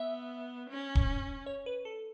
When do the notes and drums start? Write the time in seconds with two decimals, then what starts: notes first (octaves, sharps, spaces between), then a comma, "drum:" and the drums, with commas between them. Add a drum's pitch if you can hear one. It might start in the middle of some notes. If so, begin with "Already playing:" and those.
Already playing: B3 E5
0.69 C#4
0.95 drum: kick
1.46 C#5
1.66 B4
1.85 A4